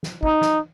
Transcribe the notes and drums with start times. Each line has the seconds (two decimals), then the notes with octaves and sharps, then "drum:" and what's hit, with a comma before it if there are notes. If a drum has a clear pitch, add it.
0.03 drum: snare
0.23 D#4, drum: kick
0.41 drum: snare